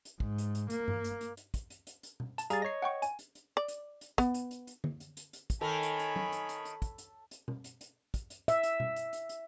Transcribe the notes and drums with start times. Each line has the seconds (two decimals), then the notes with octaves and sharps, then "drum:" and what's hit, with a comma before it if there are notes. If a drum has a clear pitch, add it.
0.05 drum: hi-hat
0.20 G#2, drum: kick
0.38 drum: hi-hat
0.55 drum: hi-hat
0.70 A#3, drum: hi-hat
0.88 drum: tom G2
1.04 drum: hi-hat
1.21 drum: hi-hat
1.37 drum: hi-hat
1.54 drum: kick, hi-hat
1.70 drum: hi-hat
1.87 drum: hi-hat
2.03 drum: hi-hat
2.20 drum: tom B2
2.38 A5, drum: hi-hat
2.50 G3 G#4 F5 A#5 A6, drum: hi-hat
2.62 C#5 D#5 A#6 C7
2.82 F#5 G5 C#6
3.02 G#5, drum: hi-hat
3.19 drum: hi-hat
3.35 drum: hi-hat
3.57 D5
3.68 drum: hi-hat
4.01 drum: hi-hat
4.18 B3, drum: kick, hi-hat
4.34 drum: hi-hat
4.51 drum: hi-hat
4.67 drum: hi-hat
4.84 drum: tom D3
5.00 drum: hi-hat
5.17 drum: hi-hat
5.33 drum: hi-hat
5.50 drum: kick, hi-hat
5.61 D#3 A4 A#4 C#5 G#5 B5
5.83 drum: hi-hat
5.99 drum: hi-hat
6.16 drum: tom
6.32 drum: hi-hat
6.49 drum: hi-hat
6.65 drum: hi-hat
6.82 drum: kick, hi-hat
6.98 drum: hi-hat
7.31 drum: hi-hat
7.48 drum: tom B2
7.64 drum: hi-hat
7.81 drum: hi-hat
8.14 drum: kick, hi-hat
8.30 drum: hi-hat
8.48 E5, drum: hi-hat
8.63 drum: hi-hat
8.80 drum: tom B2
8.96 drum: hi-hat
9.13 drum: hi-hat
9.29 drum: hi-hat